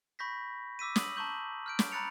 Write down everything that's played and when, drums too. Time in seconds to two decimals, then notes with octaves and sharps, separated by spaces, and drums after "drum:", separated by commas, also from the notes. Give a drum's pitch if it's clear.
0.19 B5 C#6 G6 A#6 B6
0.79 D6 E6 B6 D#7
0.96 D#6 F#7, drum: snare
1.16 A5 A#5 C#6 G6 F#7
1.66 F6 G6 D7
1.79 drum: snare
1.92 A#5 B5 F#6 A6 C#7 F7